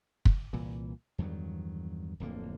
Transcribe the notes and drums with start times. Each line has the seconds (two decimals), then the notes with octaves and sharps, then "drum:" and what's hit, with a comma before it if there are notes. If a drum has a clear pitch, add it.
0.25 drum: kick
0.53 C2 A#2 E3
1.18 E2 G2 D#3 F#3
2.20 D1 F2 D3 A#3